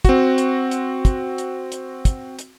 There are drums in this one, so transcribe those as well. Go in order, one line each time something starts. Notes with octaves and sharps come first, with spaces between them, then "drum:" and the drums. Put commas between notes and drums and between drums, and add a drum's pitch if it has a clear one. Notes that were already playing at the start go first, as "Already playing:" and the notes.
C4 F#4, drum: kick, hi-hat
drum: hi-hat
drum: hi-hat
drum: kick, hi-hat
drum: hi-hat
drum: hi-hat
drum: kick, hi-hat
drum: hi-hat